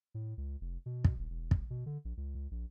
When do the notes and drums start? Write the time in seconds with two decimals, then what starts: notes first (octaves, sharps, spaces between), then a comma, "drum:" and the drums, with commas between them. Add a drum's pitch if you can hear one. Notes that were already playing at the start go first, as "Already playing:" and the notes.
0.14 A2
0.37 C#2
0.61 F1
0.86 B2
1.05 drum: kick
1.17 D#1
1.30 E1
1.51 drum: kick
1.70 B2
1.86 D3
2.05 A#1
2.17 C#2
2.35 C#2
2.51 A#1